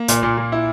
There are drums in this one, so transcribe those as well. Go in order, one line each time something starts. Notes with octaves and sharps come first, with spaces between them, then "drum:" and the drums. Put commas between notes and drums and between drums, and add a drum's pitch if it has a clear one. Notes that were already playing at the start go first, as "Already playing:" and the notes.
Already playing: A#3
A#2, drum: hi-hat
A#2
A#2
E4